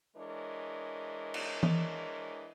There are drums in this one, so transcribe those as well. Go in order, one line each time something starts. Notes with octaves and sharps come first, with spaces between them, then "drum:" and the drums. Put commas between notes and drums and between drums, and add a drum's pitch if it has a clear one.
E3 G#3 D4 A#4 C#5 D#5
drum: cymbal
drum: tom E3